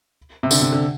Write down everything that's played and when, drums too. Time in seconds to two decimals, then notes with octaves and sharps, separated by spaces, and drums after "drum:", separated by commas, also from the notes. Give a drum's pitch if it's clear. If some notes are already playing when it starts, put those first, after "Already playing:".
0.43 C3
0.51 D3, drum: tambourine
0.61 C3
0.72 D3